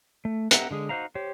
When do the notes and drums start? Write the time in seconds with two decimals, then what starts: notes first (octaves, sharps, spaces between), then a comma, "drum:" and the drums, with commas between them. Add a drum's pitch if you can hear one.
0.25 A3
0.51 B3 G4 E5 F#5 A#5, drum: hi-hat
0.71 D3 G#3 G#4
0.89 D#4 F#4 C5 F5 A#5
1.15 G4 C5 C#5